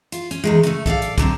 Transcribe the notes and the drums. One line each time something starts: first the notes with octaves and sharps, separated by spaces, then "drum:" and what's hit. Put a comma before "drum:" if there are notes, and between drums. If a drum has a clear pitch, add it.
F4, drum: hi-hat
C#4, drum: hi-hat
E2 D#3 G#3
C#3 A3, drum: hi-hat
A4 D5 D#5 F5, drum: kick
drum: hi-hat
D3 F#3 A3 C4, drum: kick, hi-hat